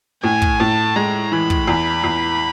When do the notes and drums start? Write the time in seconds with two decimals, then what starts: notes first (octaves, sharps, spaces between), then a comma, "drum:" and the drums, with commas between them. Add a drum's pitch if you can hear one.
0.23 A2 G#5
0.42 drum: kick
0.60 A2 A5
0.96 G#3 A#5
1.32 E3 B5
1.50 drum: kick
1.68 E2
2.04 E2